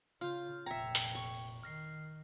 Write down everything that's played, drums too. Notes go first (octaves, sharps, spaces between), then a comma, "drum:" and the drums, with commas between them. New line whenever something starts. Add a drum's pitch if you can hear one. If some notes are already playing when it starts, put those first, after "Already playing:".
C#3 F4 F6 G6
F1 A#2 E5 G5 A#5 G#6 C#7
drum: hi-hat
C#6
D#3 F6 A#6 C7